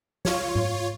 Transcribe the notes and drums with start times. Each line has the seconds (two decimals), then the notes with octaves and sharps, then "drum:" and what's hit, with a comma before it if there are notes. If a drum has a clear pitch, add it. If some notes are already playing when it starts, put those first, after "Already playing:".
0.25 F4 C#5, drum: snare
0.55 drum: tom G#2